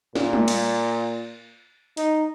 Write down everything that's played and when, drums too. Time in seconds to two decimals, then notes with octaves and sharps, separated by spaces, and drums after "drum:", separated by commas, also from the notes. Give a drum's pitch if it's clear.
0.15 A#2, drum: snare
0.33 drum: tom
0.48 drum: cymbal
1.97 D#4, drum: hi-hat